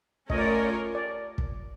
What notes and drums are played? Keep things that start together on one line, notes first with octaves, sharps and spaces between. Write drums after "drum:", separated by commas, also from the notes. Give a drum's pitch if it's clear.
A3 C#4 F4 A#4 C#5 D#5, drum: kick
D5
D#5
D5
drum: kick